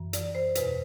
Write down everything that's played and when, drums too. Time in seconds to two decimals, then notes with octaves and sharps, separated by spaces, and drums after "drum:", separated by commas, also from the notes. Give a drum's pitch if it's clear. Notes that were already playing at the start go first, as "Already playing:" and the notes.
Already playing: F#2 E3
0.13 D5, drum: hi-hat
0.35 C5
0.55 E2 B2 B4, drum: hi-hat